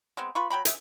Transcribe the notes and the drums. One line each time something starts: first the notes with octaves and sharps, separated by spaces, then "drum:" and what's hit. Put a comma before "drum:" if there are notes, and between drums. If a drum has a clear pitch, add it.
G#3 B3 C4
F4 B4 B5 C#6
F#3 G5 A#5 B5
G#4 E5, drum: hi-hat